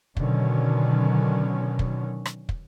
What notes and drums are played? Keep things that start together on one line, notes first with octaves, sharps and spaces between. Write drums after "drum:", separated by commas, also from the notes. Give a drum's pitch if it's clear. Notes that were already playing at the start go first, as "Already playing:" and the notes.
B2 D3 D#3 F#3 C#4, drum: kick
drum: kick
drum: rim click
drum: kick